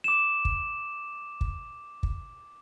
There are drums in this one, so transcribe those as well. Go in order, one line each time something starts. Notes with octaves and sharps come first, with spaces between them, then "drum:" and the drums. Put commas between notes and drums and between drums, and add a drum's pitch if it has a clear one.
D6 E7
drum: kick
drum: kick
drum: kick